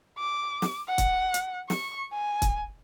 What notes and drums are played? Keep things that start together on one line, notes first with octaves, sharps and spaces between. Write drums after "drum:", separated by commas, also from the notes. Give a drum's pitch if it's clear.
D6
drum: snare
F#5
drum: kick, hi-hat
drum: hi-hat
C#6, drum: snare
G#5
drum: kick, hi-hat